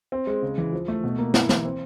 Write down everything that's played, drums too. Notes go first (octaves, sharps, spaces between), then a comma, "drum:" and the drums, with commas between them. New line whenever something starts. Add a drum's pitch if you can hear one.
C4
G#3
C#3
E3
F3
A3
B2
A#3
E4, drum: snare
E3, drum: snare
C4